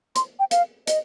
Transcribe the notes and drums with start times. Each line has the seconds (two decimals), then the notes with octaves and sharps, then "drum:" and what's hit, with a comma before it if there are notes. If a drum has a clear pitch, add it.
0.16 C6, drum: hi-hat
0.39 G5
0.51 F5, drum: hi-hat
0.87 D#5, drum: hi-hat